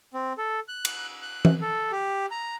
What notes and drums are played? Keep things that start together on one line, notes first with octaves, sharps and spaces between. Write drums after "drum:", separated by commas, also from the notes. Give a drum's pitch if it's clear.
C4
A4
F#6
drum: cymbal
F#6
drum: tom E3
A4
G4
A#5